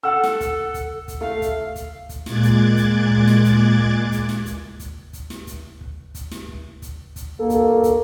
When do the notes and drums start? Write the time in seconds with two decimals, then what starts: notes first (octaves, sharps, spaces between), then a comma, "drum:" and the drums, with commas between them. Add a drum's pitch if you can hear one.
0.03 A4 F#5 E6
0.24 drum: snare
0.40 drum: kick, hi-hat
0.74 drum: kick, hi-hat
1.08 drum: kick, hi-hat
1.21 A3 F5
1.42 drum: kick, hi-hat
1.76 drum: kick, hi-hat
2.09 drum: kick, hi-hat
2.26 A#2 G#3 D6 F#6 G#6 A6, drum: snare
2.43 drum: kick, hi-hat
2.77 drum: kick, hi-hat
3.11 drum: kick
3.27 drum: snare
3.44 drum: kick, hi-hat
3.78 drum: kick
4.12 drum: kick, hi-hat
4.29 drum: snare
4.46 drum: kick, hi-hat
4.79 drum: kick, hi-hat
5.13 drum: kick, hi-hat
5.30 drum: snare
5.47 drum: kick, hi-hat
5.81 drum: kick
6.15 drum: kick, hi-hat
6.31 drum: snare
6.48 drum: kick
6.82 drum: kick, hi-hat
7.16 drum: kick, hi-hat
7.39 G2 B2 A#3 A4
7.50 drum: kick, hi-hat
7.83 drum: kick, hi-hat